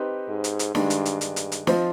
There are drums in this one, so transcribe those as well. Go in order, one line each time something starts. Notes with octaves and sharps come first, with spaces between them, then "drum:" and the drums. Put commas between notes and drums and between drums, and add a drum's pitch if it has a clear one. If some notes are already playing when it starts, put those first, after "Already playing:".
Already playing: C4 D#4 G4 B4 D#5
G#2
drum: hi-hat
drum: hi-hat
G2 D#3 G#3 D4, drum: snare
drum: hi-hat
drum: hi-hat
G2, drum: hi-hat
drum: hi-hat
drum: hi-hat
F3 C4 F4 C5 D#5, drum: snare